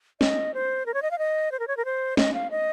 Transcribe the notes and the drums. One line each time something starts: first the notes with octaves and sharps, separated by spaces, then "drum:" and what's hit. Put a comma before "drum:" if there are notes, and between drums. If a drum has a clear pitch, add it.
D#5, drum: snare
C5
A#4
C#5
D#5
F5
D#5
C5
A#4
C#5
A#4
C5
D#5, drum: snare
F5
D#5